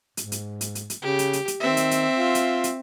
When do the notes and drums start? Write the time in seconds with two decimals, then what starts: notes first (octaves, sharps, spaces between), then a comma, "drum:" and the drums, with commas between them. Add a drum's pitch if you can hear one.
0.17 G#2, drum: hi-hat
0.32 drum: hi-hat
0.61 drum: hi-hat
0.75 drum: hi-hat
0.90 drum: hi-hat
1.02 C#3 G4
1.19 drum: hi-hat
1.33 drum: hi-hat
1.48 drum: hi-hat
1.60 D#3 C4 E5
1.77 drum: hi-hat
1.91 drum: hi-hat
2.13 F4
2.35 drum: hi-hat
2.64 drum: hi-hat